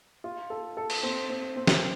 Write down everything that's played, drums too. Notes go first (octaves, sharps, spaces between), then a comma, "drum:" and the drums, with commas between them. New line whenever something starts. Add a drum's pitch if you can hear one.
F4
A4
A4
drum: cymbal
C4
C4
C4
drum: snare